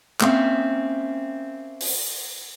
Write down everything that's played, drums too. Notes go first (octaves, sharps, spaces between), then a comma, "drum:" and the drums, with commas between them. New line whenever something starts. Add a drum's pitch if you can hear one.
A#3 C4 C#4 E5, drum: clap
drum: open hi-hat